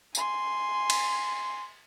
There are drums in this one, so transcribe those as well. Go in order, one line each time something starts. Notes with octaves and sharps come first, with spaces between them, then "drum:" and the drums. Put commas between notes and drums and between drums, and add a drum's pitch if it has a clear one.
G#5 C6, drum: tambourine
drum: cymbal